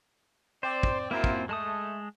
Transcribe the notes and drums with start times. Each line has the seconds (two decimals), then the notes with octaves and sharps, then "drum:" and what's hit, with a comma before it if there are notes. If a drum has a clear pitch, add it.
0.63 C4 C5 D5
0.83 drum: kick
1.11 F#2 A#3 C4 E4 F4 A#4
1.24 drum: kick
1.49 G#3 A3 A5 D#6